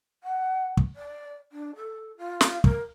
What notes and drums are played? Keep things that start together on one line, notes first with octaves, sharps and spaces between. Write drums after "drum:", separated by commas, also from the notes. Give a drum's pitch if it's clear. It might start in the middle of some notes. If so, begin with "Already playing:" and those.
F#5
drum: kick
D5
D4
A4
F4
drum: snare
A#4, drum: kick